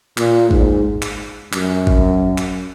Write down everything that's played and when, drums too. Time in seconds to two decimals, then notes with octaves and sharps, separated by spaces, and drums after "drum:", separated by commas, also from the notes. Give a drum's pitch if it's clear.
0.18 A#2, drum: clap
0.51 G#2, drum: kick G#1
1.02 drum: clap
1.53 F#2, drum: clap
1.87 drum: kick G#1
2.38 drum: clap